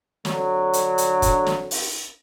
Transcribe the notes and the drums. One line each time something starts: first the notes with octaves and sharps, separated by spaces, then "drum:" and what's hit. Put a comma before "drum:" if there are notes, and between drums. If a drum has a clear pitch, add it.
D3 F#3, drum: snare
drum: hi-hat
drum: hi-hat
drum: kick, hi-hat
drum: snare
drum: open hi-hat